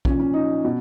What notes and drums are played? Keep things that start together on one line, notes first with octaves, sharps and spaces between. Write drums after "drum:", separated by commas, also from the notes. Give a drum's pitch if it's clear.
A#2 F3 C#4, drum: kick
C#4
D#4
B2